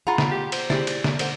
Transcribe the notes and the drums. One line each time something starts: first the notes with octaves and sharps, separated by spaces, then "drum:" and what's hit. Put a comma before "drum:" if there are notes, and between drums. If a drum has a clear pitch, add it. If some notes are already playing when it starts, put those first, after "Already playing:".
F4 G#4 F#5 A#5
drum: snare
G4
C5, drum: cymbal
E4 G4 G#4 D5, drum: snare
drum: cymbal
drum: snare
D3 A#4 C5 F#5, drum: cymbal